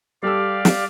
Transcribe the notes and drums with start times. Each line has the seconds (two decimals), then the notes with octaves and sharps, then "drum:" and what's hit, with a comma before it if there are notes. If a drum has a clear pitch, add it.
0.23 G3 G4 A4 D5 F5 E6
0.65 drum: snare